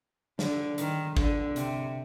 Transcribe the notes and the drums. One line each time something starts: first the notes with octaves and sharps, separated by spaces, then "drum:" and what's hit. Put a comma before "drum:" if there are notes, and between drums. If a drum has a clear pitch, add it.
D3, drum: snare
D#3, drum: hi-hat
D3, drum: kick G#1
C3, drum: hi-hat